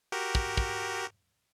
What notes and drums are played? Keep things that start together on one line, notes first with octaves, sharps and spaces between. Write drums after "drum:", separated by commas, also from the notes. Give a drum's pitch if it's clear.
F#4 G4 A#4
drum: kick
drum: kick